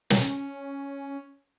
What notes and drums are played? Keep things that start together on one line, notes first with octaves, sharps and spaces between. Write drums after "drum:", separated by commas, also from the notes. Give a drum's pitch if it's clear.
C#4, drum: snare